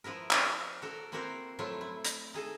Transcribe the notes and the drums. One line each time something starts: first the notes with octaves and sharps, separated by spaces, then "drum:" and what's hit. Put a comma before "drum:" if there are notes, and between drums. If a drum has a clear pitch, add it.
F3 B3 E4 A#4
drum: clap
F#4 A4 A#4
A#3 C4 E4 F#4 A#4 C5
F3 F#3 A3 E4 F4
E4
drum: hi-hat
D#4 G#4 A4